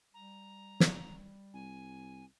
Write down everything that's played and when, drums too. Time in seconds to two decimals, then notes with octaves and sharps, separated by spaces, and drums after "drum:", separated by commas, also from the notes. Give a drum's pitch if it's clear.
0.14 G3 A#5
0.80 drum: snare
1.54 C2 G#5